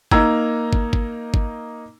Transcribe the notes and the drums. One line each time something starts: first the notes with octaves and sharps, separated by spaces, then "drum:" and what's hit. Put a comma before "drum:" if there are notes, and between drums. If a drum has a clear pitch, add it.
A#3 D#4 A#5 E6 G#6, drum: kick
drum: kick
drum: kick
drum: kick